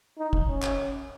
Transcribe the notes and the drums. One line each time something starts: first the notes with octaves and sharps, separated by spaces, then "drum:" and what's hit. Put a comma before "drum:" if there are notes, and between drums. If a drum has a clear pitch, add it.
D#4
drum: kick
C#4
drum: clap